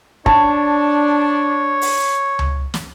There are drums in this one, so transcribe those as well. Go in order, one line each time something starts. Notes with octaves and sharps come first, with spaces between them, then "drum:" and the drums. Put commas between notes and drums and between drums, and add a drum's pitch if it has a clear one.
D4 C#5 A5, drum: kick
drum: open hi-hat
drum: tom C#2
drum: snare